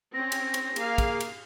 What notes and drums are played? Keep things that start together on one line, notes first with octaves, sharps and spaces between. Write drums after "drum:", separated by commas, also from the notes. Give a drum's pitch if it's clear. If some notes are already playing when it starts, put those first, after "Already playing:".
C4 C#4 A#6
drum: cymbal
drum: cymbal
A#3 G#4 F5, drum: cymbal
drum: kick, cymbal
drum: cymbal